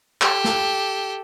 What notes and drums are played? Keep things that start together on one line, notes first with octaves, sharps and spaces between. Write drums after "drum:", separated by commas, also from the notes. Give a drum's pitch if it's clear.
G4 A4, drum: clap
drum: snare